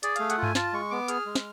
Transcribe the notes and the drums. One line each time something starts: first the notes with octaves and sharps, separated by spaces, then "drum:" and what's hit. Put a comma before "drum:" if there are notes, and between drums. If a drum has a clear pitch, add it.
G#4 D5, drum: hi-hat
A3 F5, drum: hi-hat
F#5, drum: hi-hat
F4
G#5, drum: tom G2
F4 A5, drum: snare
G#3 C#6
B3 D6
G#4 F6, drum: hi-hat
G#3
drum: snare